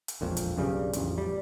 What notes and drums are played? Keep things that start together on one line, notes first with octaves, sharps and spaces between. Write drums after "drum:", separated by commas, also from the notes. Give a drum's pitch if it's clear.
drum: hi-hat
E1 A#1 F2
drum: hi-hat
B1 G2 C#3 G3
A1 F2, drum: hi-hat
G3